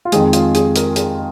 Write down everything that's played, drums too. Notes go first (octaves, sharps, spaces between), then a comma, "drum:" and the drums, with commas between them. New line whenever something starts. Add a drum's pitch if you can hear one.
F4
F2 D#3 G#3 G#4, drum: hi-hat
F4, drum: hi-hat
G#4, drum: hi-hat
A#4, drum: hi-hat
G#4, drum: hi-hat